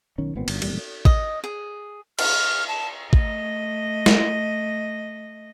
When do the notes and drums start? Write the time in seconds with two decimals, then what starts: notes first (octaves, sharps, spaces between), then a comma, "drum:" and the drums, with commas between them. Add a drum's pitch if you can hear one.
0.18 B1 D#3 C#4
0.36 G#1 A#2 B3 C4
0.48 G1, drum: cymbal
0.62 E1 F2 A#2 G3, drum: cymbal
1.05 D#5, drum: kick
1.44 G#4
2.19 F6, drum: cymbal
2.68 A5
3.13 A3 D#5, drum: kick
4.06 drum: snare